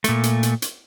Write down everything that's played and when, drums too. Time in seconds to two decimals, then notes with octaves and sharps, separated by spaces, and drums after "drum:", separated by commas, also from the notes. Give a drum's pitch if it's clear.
0.04 A#2 A3, drum: hi-hat
0.23 drum: hi-hat
0.43 drum: hi-hat
0.62 drum: hi-hat